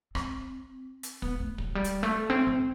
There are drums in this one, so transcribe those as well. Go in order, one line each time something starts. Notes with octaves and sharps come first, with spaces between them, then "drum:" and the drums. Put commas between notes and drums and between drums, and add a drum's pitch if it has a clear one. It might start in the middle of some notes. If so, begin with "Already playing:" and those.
C4, drum: rim click
drum: hi-hat
B3, drum: kick
A3
F#3, drum: kick
G3
drum: hi-hat
A3
C4
C4